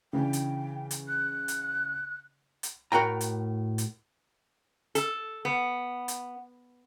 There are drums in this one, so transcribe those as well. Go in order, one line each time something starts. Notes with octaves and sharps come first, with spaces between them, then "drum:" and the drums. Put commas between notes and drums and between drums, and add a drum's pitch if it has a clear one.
C#3 E3 D4 G5
drum: hi-hat
drum: hi-hat
F#6
drum: hi-hat
drum: hi-hat
A2 F#4 A#4 G5 A#5
drum: hi-hat
drum: hi-hat
A4, drum: hi-hat
B3
drum: hi-hat